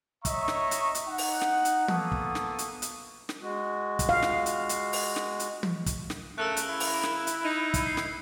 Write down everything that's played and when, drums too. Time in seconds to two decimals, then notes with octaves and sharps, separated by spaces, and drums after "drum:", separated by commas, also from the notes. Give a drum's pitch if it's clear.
0.25 C#5 D#5 E5 A#5 C#6, drum: kick, hi-hat
0.48 drum: snare
0.71 drum: hi-hat
0.95 drum: hi-hat
1.09 D#4 F#5
1.18 drum: open hi-hat
1.41 drum: snare
1.65 drum: hi-hat
1.88 A#3 B3 A4 A5 C#6 D#6, drum: tom
2.12 drum: kick
2.35 drum: snare
2.59 drum: hi-hat
2.82 drum: hi-hat
3.29 drum: snare
3.42 G#3 F#4
3.99 drum: kick, hi-hat
4.09 F5
4.22 drum: snare
4.46 drum: hi-hat
4.69 drum: hi-hat
4.93 drum: open hi-hat
5.16 drum: snare
5.40 drum: hi-hat
5.63 drum: tom
5.86 drum: kick, hi-hat
6.10 drum: snare
6.38 C#3 A3 A#4 E6 F#6
6.57 drum: hi-hat
6.70 E4
6.80 drum: open hi-hat
7.03 drum: snare
7.27 drum: hi-hat
7.45 D#4
7.74 drum: kick, hi-hat
7.86 C7
7.97 drum: snare